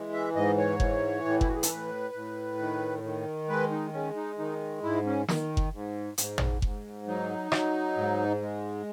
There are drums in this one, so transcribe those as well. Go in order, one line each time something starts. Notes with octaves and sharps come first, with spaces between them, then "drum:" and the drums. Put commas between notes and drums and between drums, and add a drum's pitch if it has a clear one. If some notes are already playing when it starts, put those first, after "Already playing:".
Already playing: E3 G#3
E5
G#2 D#5
C#5
E3, drum: kick F#1
A2
E4, drum: kick F#1
F#4
G#4
A4, drum: hi-hat
A2 B4
A2
D#3
D#3
G#3 B4
D#4
G#3 C#4
D#4
D#3 D#4
G#2 E4
C#4
D#3, drum: snare
drum: kick F#1
G#2
G#2, drum: hi-hat
drum: tom
G#2, drum: kick F#1
F#3 D#4
F#3, drum: rim click
G#2
G#3